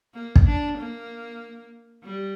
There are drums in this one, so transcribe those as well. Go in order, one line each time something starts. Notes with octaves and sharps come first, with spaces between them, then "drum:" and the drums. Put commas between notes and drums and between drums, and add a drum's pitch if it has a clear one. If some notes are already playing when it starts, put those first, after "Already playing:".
A#3
drum: kick
D4
A#3
G3